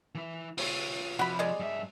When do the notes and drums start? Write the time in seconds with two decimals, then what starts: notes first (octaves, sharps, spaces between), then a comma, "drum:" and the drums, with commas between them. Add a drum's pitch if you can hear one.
0.15 E3 E4
0.58 F4 C#5, drum: open hi-hat
1.19 C3 F3 F#4 B5
1.39 G#3 D5 D#5
1.60 G2 E5